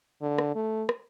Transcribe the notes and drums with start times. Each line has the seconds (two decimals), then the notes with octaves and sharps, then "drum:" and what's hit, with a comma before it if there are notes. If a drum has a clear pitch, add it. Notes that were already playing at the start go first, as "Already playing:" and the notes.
0.21 D3
0.38 drum: rim click
0.55 A3
0.89 drum: rim click